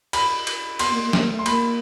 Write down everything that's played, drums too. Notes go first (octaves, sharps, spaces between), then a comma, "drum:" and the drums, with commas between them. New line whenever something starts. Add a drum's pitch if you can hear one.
B5, drum: cymbal
drum: cymbal
B3 C6, drum: cymbal
A#3
A#3
A#3, drum: snare
A3
C6
A#3 B5, drum: cymbal